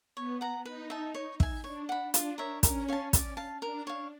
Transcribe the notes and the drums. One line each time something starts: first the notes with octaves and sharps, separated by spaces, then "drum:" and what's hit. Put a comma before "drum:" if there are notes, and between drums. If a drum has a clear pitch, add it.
B3 C#5
F#5 A#5
D#4 B4
E5 A5
C#5
E5 G#5, drum: kick
D4 C#5
F#5 B5
D4 F4, drum: hi-hat
A#4 C#5 E5
C#4 A#4, drum: kick, hi-hat
C#5 F5 A5
D5, drum: kick, hi-hat
F5 A5
D4 A#4
C#5 F5